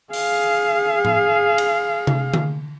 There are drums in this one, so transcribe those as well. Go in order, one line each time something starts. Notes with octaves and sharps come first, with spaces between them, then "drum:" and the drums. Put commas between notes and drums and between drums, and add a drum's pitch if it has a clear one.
G#4 F5, drum: open hi-hat
drum: tom A2
drum: cymbal
drum: tom C3
drum: tom D3